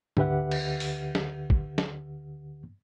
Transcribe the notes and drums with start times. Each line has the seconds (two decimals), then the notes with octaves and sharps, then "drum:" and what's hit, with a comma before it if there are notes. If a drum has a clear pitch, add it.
0.17 D2 D3 G4 B4 E5 F#5, drum: tom G#2
0.51 drum: cymbal
0.80 drum: open hi-hat
1.15 drum: snare
1.50 drum: kick
1.78 drum: snare